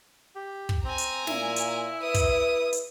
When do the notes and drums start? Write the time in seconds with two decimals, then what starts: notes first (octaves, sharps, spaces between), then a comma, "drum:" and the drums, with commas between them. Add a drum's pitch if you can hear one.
0.36 G4
0.69 drum: kick
0.84 C4 G#5 A#5
0.98 drum: hi-hat
1.27 A#2 E4, drum: snare
1.56 drum: hi-hat
2.02 B4 D#6
2.14 drum: kick, hi-hat
2.73 drum: hi-hat